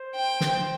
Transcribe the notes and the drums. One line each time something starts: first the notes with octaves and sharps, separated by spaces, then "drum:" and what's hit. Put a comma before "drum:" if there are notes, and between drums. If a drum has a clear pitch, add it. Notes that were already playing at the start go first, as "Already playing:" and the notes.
Already playing: C5
G5
drum: snare